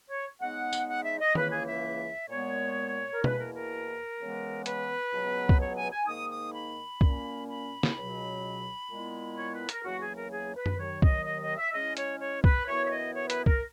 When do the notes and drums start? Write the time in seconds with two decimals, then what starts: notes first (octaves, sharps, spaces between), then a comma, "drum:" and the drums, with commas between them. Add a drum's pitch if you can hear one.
0.09 C#5
0.41 C#3 G#3 B3 D#4 F#5
0.73 drum: tambourine
0.89 F#5
1.04 E5
1.20 D#5
1.35 C#2 C#3 E3 A#3 E4 B4, drum: tom D#3
1.51 G#4
1.67 E5
2.29 A#2 G#3 B3 C#5
3.13 A#4
3.24 E2 B2 A#3 E4 B4, drum: tom B2
3.39 A#4
3.55 A#4
4.19 C#3 E3 G#3 B3
4.66 B4, drum: hi-hat
5.13 C#2 B2 F#3 B3
5.49 drum: kick C2
5.61 C#5
5.76 G#5
5.92 G#5
6.07 G#2 D#3 A#3 D#4 D#6
6.30 D#6
6.54 B5
7.01 A#2 A#3 C#4, drum: kick C2
7.49 B5
7.83 drum: snare
7.96 C#2 B2 F#3
8.90 A#2 G#3 B3 E4
9.37 C#5
9.53 B4
9.69 A#4, drum: hi-hat
9.84 E2 C#3 F#3 A#3 F#4
10.01 G#4
10.16 A#4
10.32 G#4
10.56 B4
10.66 drum: tom F#2
10.79 D#2 D#3 F#3 C#5
11.02 D#5, drum: kick C2
11.25 D#5
11.42 D#5
11.57 E5
11.73 C#3 G#3 C#4 E4 D#5
11.97 C#5, drum: hi-hat
12.20 C#5
12.44 B4, drum: kick C2
12.67 F#2 E3 B3 E4 C#5
12.86 E5
12.91 D#5
13.15 C#5
13.30 B4, drum: hi-hat
13.46 A#4, drum: kick C2